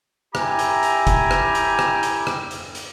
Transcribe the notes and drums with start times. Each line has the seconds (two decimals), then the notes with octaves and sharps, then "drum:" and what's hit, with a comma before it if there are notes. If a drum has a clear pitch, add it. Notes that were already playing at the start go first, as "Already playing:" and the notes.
0.35 E4 G4 G5 G#5 A#5 D6, drum: rim click
0.59 drum: hi-hat
0.83 drum: hi-hat
1.07 drum: kick F#1, hi-hat
1.31 drum: rim click
1.55 drum: hi-hat
1.79 drum: rim click
2.03 drum: hi-hat
2.27 drum: rim click
2.51 drum: hi-hat
2.75 drum: hi-hat